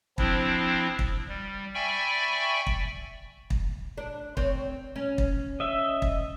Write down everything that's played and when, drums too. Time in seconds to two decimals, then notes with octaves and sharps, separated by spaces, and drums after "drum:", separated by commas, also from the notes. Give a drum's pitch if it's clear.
0.18 F3 C4 D4 E4, drum: kick
0.99 drum: kick
1.29 G3
1.74 D5 E5 G5 G#5 B5 C#6
2.67 drum: kick
3.50 drum: kick
3.98 D4
4.37 C4 C#5, drum: kick
4.96 C#4
5.18 drum: kick
5.60 D#5 E5
6.02 drum: kick